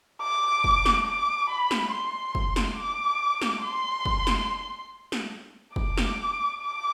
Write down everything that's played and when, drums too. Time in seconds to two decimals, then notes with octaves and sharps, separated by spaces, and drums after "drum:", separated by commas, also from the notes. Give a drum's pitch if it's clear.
0.22 D6
0.64 drum: kick
0.85 drum: snare
1.07 D6
1.50 B5
1.71 drum: snare
1.92 C6
2.35 drum: kick
2.56 drum: snare
2.78 D6
3.42 drum: snare
3.63 C6
4.06 drum: kick
4.27 drum: snare
5.12 drum: snare
5.76 D6, drum: kick
5.98 drum: snare
6.61 D6